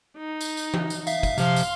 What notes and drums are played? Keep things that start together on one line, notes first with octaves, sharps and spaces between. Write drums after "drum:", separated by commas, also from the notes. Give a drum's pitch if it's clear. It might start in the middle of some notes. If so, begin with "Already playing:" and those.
D#4
drum: tambourine
drum: tambourine
drum: tom E3
drum: tambourine
E5 F5, drum: tambourine
drum: kick, tambourine
C3 F3 F5 C6, drum: tambourine
drum: tambourine